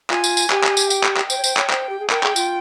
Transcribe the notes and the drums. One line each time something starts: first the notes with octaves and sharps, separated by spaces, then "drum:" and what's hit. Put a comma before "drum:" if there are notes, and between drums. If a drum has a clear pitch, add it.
F4 G#5, drum: clap
drum: tambourine
drum: tambourine
G4, drum: clap
drum: clap
drum: tambourine
G5, drum: tambourine
drum: clap
drum: clap
C5 G5, drum: tambourine
C#5
C5, drum: tambourine
C#5, drum: clap
C5, drum: clap
G4
G#4
A#4 G5, drum: clap
G#4, drum: clap
F4, drum: tambourine